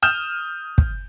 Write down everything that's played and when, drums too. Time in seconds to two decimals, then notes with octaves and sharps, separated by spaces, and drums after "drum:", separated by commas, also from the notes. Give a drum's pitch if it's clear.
0.03 D#6 F6 G6 E7
0.78 drum: kick